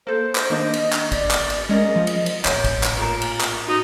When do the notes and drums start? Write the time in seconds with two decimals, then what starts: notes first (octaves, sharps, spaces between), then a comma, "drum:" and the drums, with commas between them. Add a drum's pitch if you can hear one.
0.07 A#3 A4 C5
0.35 drum: clap
0.50 D#3 A#3 D4 D#5
0.74 drum: cymbal
0.93 drum: clap
1.12 D5, drum: kick, cymbal
1.31 drum: clap
1.50 drum: cymbal
1.69 G#3 C#4 A#4 D#5
1.96 F3
2.07 drum: cymbal
2.26 drum: cymbal
2.45 A2 C#5, drum: clap
2.64 drum: kick, cymbal
2.83 drum: clap
2.97 A#2 A#4
3.22 drum: cymbal
3.41 drum: clap
3.68 D#4 F#4